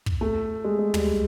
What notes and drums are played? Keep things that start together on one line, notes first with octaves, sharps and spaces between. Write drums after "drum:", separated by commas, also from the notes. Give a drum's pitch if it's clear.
drum: kick
A3
G#3
G#3
G3, drum: tom